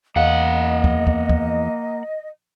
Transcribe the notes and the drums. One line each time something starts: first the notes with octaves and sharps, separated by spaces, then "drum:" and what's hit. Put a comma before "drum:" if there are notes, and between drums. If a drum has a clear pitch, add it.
E2 A#3 D#5 F5 F#5
drum: kick
drum: kick
drum: kick